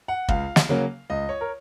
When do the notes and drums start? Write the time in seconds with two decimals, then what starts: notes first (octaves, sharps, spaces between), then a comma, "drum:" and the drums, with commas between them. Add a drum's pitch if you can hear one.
0.08 F#5
0.28 C#2 F5, drum: kick
0.56 drum: snare
0.69 C#3 F#3 A#3 C#4
1.10 C#2 D#5
1.29 C#5
1.41 A#4